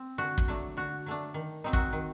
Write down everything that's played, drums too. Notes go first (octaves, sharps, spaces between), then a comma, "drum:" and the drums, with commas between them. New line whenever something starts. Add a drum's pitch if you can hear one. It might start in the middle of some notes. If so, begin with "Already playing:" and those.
Already playing: C4
D3 F#4
drum: kick
F#3 A3 D4
D3 F#4
F#3 A3 D4
D#3
F#3 C4 D#4
F#4, drum: kick
D#3